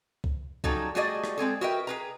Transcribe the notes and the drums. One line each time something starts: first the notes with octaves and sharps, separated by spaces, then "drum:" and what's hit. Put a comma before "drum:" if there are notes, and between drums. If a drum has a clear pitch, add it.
drum: kick C2
C#3 F#3 G3 D#4 A4, drum: kick C2
G3 A3 F#4 G#4 D5 D#5
drum: rim click
G#3 C4 G#4 A4
F#4 A#4 B4 D#5 E5 G5
G#4 B4 A#5